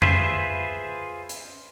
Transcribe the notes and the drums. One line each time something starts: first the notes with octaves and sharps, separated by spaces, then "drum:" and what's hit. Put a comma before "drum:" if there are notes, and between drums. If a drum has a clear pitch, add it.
F4 G#4 B4 C5 E5, drum: tom F2
drum: hi-hat